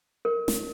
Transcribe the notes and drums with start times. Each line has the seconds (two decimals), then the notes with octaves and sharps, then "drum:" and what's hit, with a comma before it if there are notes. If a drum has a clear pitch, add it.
0.25 A#4
0.48 drum: snare